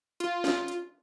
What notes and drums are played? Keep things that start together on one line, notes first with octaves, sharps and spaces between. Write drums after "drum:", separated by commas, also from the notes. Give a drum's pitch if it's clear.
F4, drum: hi-hat
drum: snare
drum: hi-hat